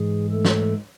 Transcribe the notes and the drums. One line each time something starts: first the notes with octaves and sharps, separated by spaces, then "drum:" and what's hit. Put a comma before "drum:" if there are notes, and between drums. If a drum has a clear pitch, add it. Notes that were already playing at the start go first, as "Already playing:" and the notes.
Already playing: G#2 E3 G#3 G#4
A3 A4
drum: snare